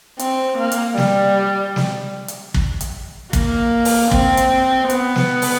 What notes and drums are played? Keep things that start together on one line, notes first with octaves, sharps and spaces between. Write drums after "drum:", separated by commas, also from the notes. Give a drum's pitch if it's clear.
C4, drum: hi-hat
A#3
drum: hi-hat
G3, drum: snare
drum: snare
drum: hi-hat
drum: kick
drum: hi-hat
A#3, drum: kick, hi-hat
drum: open hi-hat
C4, drum: kick
drum: hi-hat
B3, drum: hi-hat
drum: snare
drum: open hi-hat